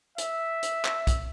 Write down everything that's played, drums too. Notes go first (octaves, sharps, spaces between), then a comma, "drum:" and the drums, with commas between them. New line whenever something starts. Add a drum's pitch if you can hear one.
E5, drum: hi-hat
drum: hi-hat
drum: clap
drum: kick, hi-hat